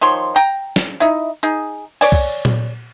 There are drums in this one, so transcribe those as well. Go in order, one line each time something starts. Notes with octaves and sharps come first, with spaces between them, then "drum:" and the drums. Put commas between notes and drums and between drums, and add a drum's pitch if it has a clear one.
D#3 F3 C#5 C6
G5 A#5
drum: snare
D#4 E4
D#4 G#4
C#5 D5 G#5, drum: cymbal
drum: kick
drum: tom A#2